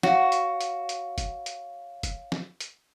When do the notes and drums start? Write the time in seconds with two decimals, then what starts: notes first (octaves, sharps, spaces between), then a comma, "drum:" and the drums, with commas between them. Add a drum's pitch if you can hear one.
0.03 F#4 C#5 F5, drum: snare
0.32 drum: hi-hat
0.61 drum: hi-hat
0.89 drum: hi-hat
1.18 drum: kick, hi-hat
1.46 drum: hi-hat
2.03 drum: kick, hi-hat
2.32 drum: snare
2.60 drum: hi-hat